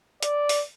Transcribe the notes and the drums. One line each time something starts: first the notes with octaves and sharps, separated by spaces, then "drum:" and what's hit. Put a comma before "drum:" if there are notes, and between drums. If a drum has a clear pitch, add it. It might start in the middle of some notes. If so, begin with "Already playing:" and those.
D5, drum: hi-hat
drum: open hi-hat